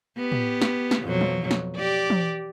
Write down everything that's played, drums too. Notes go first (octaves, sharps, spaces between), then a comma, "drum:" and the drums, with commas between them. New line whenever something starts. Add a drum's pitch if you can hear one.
B3 G4
drum: tom A2
drum: snare
drum: snare
F2 B2 F#3
drum: tom E3
drum: snare
G4 D5
drum: tom E3